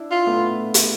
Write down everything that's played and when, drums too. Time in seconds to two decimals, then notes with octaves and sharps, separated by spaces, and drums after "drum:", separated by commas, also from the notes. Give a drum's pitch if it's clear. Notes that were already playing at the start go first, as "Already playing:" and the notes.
Already playing: D4 E4
0.11 F4
0.26 A3 B3
0.74 drum: hi-hat